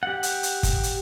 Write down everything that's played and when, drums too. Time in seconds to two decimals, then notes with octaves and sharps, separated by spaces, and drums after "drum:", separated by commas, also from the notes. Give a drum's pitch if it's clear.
0.03 G4 F#5
0.23 drum: hi-hat
0.43 drum: hi-hat
0.63 drum: kick, hi-hat
0.83 drum: hi-hat